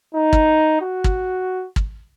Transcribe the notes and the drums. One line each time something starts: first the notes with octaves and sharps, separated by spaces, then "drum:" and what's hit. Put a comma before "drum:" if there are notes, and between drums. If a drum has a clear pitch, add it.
D#4
drum: kick
F#4
drum: kick
drum: kick